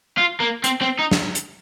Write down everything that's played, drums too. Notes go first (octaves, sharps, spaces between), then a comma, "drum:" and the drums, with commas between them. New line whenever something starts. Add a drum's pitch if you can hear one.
F4
A#3
C4, drum: hi-hat
C4
D#4
drum: snare
drum: hi-hat